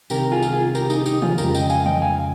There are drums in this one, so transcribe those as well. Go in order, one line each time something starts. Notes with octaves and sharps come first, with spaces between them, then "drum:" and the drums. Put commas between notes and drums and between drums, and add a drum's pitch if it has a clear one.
C2 C3 D#3 G4 A#4, drum: tambourine
F4 G#4
drum: tambourine
F4 G#4
G4 A#4, drum: tambourine
D#4 G4, drum: tambourine
D#4 G4, drum: tambourine
F4 G#4, drum: tom D3
F2 C#3 F3 G#3 G4 A#4, drum: tambourine
D#5 G5, drum: tambourine
F5 G#5, drum: tambourine
D#5 G5, drum: tom D3
F5 G#5